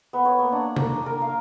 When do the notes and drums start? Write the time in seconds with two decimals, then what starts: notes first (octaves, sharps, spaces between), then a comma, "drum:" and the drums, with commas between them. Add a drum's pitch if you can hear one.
0.13 B3
0.25 C#5
0.39 A#3
0.52 D4
0.76 A#4, drum: tom C3
0.93 D#6
1.06 A#4
1.22 F5